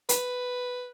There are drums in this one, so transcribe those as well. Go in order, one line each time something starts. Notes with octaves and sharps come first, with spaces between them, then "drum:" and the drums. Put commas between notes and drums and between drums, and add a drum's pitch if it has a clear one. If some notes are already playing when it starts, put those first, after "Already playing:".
B4, drum: hi-hat